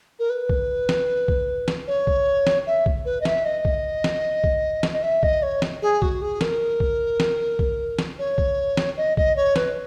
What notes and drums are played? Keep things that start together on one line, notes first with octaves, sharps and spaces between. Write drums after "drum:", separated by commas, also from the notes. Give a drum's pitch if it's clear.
A#4
B4
drum: kick B1
drum: snare
drum: kick B1
drum: snare
C#5
drum: kick B1
drum: snare
E5
drum: kick B1
B4
D#5
E5, drum: snare
D#5
drum: kick B1
drum: snare
drum: kick B1
drum: snare
D#5
E5
D#5, drum: kick B1
C#5
drum: snare
G#4
F#4, drum: kick B1
G#4
A#4, drum: snare
drum: kick B1
drum: snare
drum: kick B1
drum: snare
C#5
drum: kick B1
drum: snare
D#5
D#5, drum: kick B1
C#5
B4, drum: snare